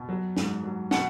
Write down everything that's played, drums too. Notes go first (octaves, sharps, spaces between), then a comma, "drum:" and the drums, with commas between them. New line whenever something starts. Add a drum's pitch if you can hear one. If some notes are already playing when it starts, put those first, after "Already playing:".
Already playing: B2
F#3
G#2, drum: snare
F#3
B2 F#5, drum: snare